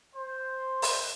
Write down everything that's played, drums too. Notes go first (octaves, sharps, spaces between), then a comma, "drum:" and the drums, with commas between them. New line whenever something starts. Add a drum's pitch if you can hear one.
C5
drum: open hi-hat